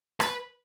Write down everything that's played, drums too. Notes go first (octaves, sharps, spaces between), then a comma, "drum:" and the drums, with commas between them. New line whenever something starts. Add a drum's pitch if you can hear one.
B4, drum: rim click